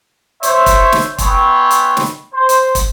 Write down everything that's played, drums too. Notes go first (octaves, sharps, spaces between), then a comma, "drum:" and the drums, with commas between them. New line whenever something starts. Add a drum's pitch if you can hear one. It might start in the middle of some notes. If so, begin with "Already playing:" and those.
C5 C#5 E5, drum: hi-hat
drum: kick, hi-hat
drum: snare
B3 C#4 C#5 E5 G5 C6, drum: kick, hi-hat
drum: hi-hat
drum: snare
C5
drum: hi-hat
drum: kick, hi-hat